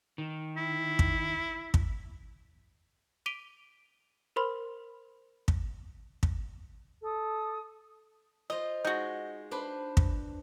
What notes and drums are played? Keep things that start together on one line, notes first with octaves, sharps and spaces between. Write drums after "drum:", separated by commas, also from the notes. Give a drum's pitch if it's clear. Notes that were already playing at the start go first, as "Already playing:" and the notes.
D#3
E4
drum: kick
drum: kick
D6 B6 D7 D#7 F7 G7
A#4 C5 B5 C6 F6
drum: kick
drum: kick
A4 D#6
F4 C5 D#5
G#3 D#4 F#4
D4 B4 C5
drum: kick